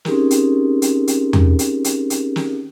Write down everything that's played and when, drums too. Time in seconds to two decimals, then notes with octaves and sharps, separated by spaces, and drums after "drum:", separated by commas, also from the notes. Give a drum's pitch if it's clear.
0.05 C4 C#4 D#4 G4 G#4 A#4, drum: snare
0.31 drum: hi-hat
0.82 drum: hi-hat
1.08 drum: hi-hat
1.33 drum: tom E2
1.59 drum: hi-hat
1.84 drum: hi-hat
2.10 drum: hi-hat
2.36 drum: snare